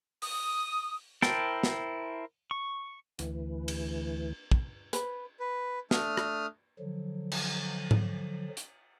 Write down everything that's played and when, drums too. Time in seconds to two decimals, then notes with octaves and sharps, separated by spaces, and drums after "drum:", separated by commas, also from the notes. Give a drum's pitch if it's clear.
0.22 D#6, drum: open hi-hat
1.22 E4 A#4 C5 G5 A5, drum: snare
1.63 drum: snare
2.51 C#6
3.19 D2 E3, drum: hi-hat
3.68 drum: cymbal
4.51 drum: kick
4.93 B4, drum: hi-hat
5.40 B4
5.91 A3 D4 D#6 F6, drum: snare
6.17 drum: rim click
6.79 D3 F3 F#3
7.32 drum: cymbal
7.91 drum: tom G#2
8.57 drum: hi-hat